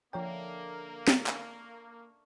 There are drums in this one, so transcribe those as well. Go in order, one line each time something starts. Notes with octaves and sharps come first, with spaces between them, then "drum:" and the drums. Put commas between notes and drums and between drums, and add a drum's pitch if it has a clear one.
D3 F3 A#3 C#5 E5 G5 A#5
drum: snare
C#6, drum: clap